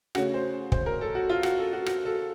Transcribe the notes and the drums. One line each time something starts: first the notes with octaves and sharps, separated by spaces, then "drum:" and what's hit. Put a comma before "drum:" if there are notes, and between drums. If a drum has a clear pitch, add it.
C#3 A3 C#4 F#4, drum: rim click
C5
C5, drum: kick
A#4
A4
F#4
F4
F#4, drum: rim click
A4
F#4
F#4, drum: rim click
A4